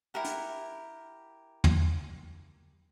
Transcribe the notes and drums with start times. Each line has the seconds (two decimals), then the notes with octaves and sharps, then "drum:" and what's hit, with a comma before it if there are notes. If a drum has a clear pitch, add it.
0.14 E4 G4 A#4 F#5
0.25 drum: hi-hat
1.64 drum: tom